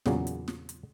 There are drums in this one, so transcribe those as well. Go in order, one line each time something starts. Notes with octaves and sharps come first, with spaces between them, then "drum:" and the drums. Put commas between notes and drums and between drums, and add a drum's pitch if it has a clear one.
E2 A#2 C#3 F#3 A#3 C#4, drum: snare
drum: hi-hat
drum: snare
drum: hi-hat